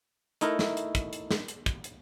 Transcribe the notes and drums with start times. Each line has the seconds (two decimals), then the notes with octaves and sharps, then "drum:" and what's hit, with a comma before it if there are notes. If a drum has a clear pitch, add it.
0.41 A3 D#4 E4 A#4, drum: hi-hat
0.59 drum: snare
0.77 drum: hi-hat
0.95 drum: kick, hi-hat
1.13 drum: hi-hat
1.31 drum: snare
1.48 drum: hi-hat
1.66 drum: kick, hi-hat
1.84 drum: hi-hat